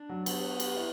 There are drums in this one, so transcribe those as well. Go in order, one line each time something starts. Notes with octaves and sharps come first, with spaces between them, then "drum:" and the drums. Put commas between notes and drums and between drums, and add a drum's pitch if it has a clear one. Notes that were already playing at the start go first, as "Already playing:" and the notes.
Already playing: D4
F#3
B3, drum: cymbal
drum: cymbal
E4